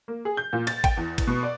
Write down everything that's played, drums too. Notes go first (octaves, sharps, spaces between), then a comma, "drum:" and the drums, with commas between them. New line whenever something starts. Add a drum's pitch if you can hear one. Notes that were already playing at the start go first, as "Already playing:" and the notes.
A#3
G#4
G6
A#2
A6, drum: cymbal
G5, drum: kick, cymbal
E2
drum: kick, cymbal
B2
D5